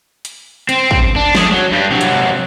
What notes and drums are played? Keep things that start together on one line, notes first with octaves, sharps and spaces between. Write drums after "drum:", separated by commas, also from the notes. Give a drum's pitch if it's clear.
drum: hi-hat
C4, drum: hi-hat
drum: kick
D4
A3 G#4, drum: snare
F#3
G2 G3
C3 F#3
drum: hi-hat